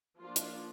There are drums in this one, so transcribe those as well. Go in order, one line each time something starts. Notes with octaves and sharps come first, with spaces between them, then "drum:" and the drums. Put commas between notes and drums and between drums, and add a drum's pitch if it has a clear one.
F3 A#3 D4 F4
drum: hi-hat